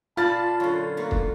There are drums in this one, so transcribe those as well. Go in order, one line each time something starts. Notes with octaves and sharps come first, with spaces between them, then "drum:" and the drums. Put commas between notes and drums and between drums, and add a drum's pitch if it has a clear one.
A#2 F4 D5 G#5 A5 B5 A6
F#2 D3 C#5
A3 A#3 F#4
drum: kick